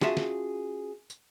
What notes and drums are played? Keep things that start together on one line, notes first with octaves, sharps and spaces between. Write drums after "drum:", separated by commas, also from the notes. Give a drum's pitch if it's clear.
C#4 F4 F#4 G#4 E5 A5, drum: snare
drum: snare
drum: tambourine